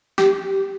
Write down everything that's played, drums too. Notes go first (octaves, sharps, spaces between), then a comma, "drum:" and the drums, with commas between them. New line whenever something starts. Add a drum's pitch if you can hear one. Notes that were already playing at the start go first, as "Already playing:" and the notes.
G4, drum: snare